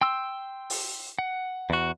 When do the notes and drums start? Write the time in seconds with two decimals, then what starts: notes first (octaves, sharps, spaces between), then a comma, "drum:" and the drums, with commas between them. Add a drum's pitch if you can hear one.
0.01 G5 C6 E6
0.70 drum: open hi-hat
1.19 F#5
1.70 E2 F#4